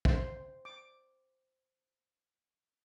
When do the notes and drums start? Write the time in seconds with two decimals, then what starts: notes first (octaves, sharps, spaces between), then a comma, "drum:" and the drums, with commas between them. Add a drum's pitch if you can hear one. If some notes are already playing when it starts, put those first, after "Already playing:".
0.05 C5, drum: kick
0.65 D6